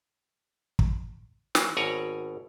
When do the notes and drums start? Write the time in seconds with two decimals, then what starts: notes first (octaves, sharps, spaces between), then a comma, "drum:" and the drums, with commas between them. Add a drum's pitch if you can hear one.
0.79 drum: kick
1.55 E3 F#3 A#3, drum: snare
1.77 G#1 B2 C#5 D5 G#5 A#5